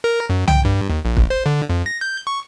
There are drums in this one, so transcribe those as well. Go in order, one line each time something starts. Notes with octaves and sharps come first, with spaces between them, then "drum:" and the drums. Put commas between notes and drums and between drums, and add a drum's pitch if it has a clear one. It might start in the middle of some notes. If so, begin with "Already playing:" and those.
A#4
F#2
G5, drum: tom C2
G2
D#2
A#1
drum: kick
C5
D3
F2
A#6
G6
C#6